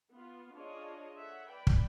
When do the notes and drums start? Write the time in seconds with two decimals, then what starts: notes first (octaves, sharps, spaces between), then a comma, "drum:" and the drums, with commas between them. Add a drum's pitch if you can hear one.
0.12 B3 F4
0.54 D4 F4 G#4 C#5 D#5
1.18 A4 C#5 E5 F#5
1.50 B4 D5 G5 B5
1.67 drum: kick